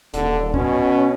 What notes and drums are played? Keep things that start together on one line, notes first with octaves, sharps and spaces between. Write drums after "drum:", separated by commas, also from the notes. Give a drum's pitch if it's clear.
D#1 D3, drum: hi-hat
B2 C#4, drum: kick C2